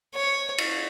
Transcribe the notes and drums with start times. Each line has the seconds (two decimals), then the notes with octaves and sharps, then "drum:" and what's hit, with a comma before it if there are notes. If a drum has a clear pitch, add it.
0.15 C#5
0.58 drum: cymbal